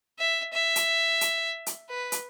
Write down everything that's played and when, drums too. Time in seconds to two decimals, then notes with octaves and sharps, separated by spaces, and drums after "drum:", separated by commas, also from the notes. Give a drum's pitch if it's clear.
0.19 E5
0.53 E5
0.76 drum: hi-hat
1.21 drum: hi-hat
1.66 drum: hi-hat
1.89 B4
2.12 drum: hi-hat